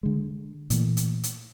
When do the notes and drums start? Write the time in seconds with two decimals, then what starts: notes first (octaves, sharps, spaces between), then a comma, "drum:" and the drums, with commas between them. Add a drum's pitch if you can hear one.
0.03 D3 G#3
0.70 A#2 E3 A3, drum: hi-hat
0.97 drum: hi-hat
1.23 drum: hi-hat